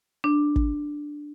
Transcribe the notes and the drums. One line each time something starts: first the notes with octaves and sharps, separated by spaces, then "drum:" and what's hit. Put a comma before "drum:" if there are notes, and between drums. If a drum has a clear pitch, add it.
D4
drum: kick